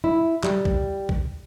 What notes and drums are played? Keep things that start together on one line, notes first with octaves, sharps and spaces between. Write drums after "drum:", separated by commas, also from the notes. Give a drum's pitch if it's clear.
E4
G3, drum: clap
drum: kick
drum: kick